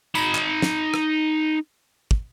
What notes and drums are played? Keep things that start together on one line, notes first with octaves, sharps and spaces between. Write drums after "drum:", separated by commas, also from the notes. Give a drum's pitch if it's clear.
D#4 B5, drum: tambourine
drum: clap
drum: snare
drum: rim click
drum: kick